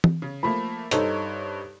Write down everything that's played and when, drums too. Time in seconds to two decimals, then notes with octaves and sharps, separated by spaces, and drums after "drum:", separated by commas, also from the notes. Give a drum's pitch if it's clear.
0.04 drum: tom
0.22 C#3
0.43 F3 A3 A#3 B5
0.91 G2 D#4 A4 C5 C#5, drum: hi-hat